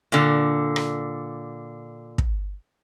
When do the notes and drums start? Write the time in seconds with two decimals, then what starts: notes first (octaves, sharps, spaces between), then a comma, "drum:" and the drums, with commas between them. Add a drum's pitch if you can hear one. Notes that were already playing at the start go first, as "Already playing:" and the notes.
0.12 A#2 D3, drum: hi-hat
0.76 drum: rim click
2.18 drum: kick